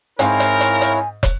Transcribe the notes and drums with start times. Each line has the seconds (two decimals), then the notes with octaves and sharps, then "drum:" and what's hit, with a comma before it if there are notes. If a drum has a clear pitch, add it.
0.19 G#2 C4 E4 A#4 C#5 F5 G#5, drum: hi-hat
0.40 drum: hi-hat
0.61 drum: hi-hat
0.81 drum: hi-hat
1.23 drum: kick, hi-hat